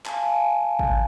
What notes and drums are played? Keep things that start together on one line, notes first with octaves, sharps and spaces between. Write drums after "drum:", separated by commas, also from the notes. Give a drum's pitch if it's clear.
F5 G#5 A5, drum: clap
drum: kick G#1